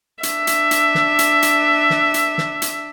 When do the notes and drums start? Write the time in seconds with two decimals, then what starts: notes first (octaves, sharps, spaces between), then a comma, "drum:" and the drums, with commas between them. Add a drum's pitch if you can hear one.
0.23 D4 E5, drum: hi-hat
0.47 drum: hi-hat
0.71 drum: hi-hat
0.95 drum: snare
1.19 drum: hi-hat
1.42 drum: hi-hat
1.90 drum: snare
2.14 drum: hi-hat
2.38 drum: snare
2.62 drum: hi-hat